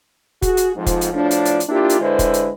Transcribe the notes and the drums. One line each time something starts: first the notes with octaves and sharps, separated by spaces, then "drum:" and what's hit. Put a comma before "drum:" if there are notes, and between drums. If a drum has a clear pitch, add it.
F#4 G#4, drum: kick, hi-hat
drum: hi-hat
F2 G#2 F3
drum: kick, hi-hat
drum: hi-hat
A2 F3 D4
drum: hi-hat
drum: hi-hat
drum: hi-hat
A#3 D4 E4 F4 G4
drum: hi-hat
D3 G#3 E4 B4 C5
drum: kick, hi-hat
drum: hi-hat